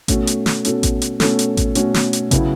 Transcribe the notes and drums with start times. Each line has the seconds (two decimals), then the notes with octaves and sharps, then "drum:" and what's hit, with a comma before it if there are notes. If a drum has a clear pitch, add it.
0.08 B2 A3 C#4 F#4 A4, drum: kick A1, hi-hat
0.27 drum: hi-hat
0.46 drum: snare
0.65 B2 A3 C#4 F#4 A4, drum: hi-hat
0.83 drum: kick A1, hi-hat
1.02 drum: hi-hat
1.20 B2 A3 C#4 F#4 A4, drum: snare
1.39 drum: hi-hat
1.57 drum: kick A1, hi-hat
1.75 B2 A3 C#4 F#4 A4, drum: hi-hat
1.94 drum: snare
2.13 drum: hi-hat
2.31 C#3 F#3 B3 E4, drum: kick A1, hi-hat